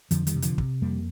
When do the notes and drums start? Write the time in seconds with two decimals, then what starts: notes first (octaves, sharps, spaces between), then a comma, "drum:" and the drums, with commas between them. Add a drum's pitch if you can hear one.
0.11 F2 D3 F3, drum: hi-hat
0.27 D#3 G3, drum: hi-hat
0.35 C3
0.42 D3 F3, drum: hi-hat
0.58 C3, drum: kick
0.82 F2 G3 A#3